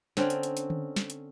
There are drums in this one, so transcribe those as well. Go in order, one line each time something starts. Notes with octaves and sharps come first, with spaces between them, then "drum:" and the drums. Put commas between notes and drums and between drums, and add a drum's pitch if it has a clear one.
D3 C4 C#4, drum: snare
drum: hi-hat
drum: hi-hat
drum: hi-hat
drum: tom D3
drum: snare
drum: hi-hat